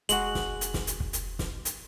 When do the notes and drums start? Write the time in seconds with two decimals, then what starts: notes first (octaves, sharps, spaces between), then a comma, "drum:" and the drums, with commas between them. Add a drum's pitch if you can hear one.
0.09 F1 G#3 F#4 F#7, drum: hi-hat
0.35 drum: snare
0.61 drum: hi-hat
0.74 drum: snare
0.87 drum: hi-hat
1.00 drum: kick
1.13 drum: hi-hat
1.39 drum: snare
1.65 drum: hi-hat